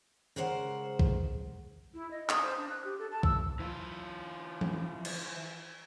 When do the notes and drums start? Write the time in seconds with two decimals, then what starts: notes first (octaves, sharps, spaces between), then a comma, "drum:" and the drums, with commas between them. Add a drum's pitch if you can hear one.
0.36 C#3 G#3 A#4 C5 D#5 F#5
0.99 drum: kick B1
1.93 E4
2.10 D#5
2.29 D#6, drum: clap
2.41 C5
2.57 D4
2.69 F#6
2.84 G4
2.98 A4
3.11 A5
3.23 E6, drum: kick B1
3.60 E3 F4
4.61 drum: tom E3
5.05 drum: cymbal